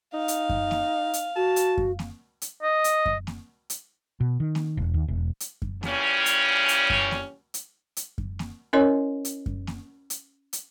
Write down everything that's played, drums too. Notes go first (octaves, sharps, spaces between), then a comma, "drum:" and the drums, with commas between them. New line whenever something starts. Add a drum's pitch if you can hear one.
D#4 F5
drum: hi-hat
drum: kick F#2
drum: snare A#3
drum: hi-hat
F#4 A5
drum: hi-hat
drum: kick F#2
drum: snare A#3
drum: hi-hat
D#5
drum: hi-hat
drum: kick F#2
drum: snare A#3
drum: hi-hat
B2
D#3
drum: snare A#3
E1
D#2
E1
drum: hi-hat
drum: kick F#2
A#2 C#3 E3 G3 C#4, drum: snare A#3
drum: hi-hat
drum: hi-hat
drum: kick F#2
drum: snare A#3
drum: hi-hat
drum: hi-hat
drum: kick F#2
drum: snare A#3
C#4 E4 A#4 C#5 D#5 C6
drum: hi-hat
drum: kick F#2
drum: snare A#3
drum: hi-hat
drum: hi-hat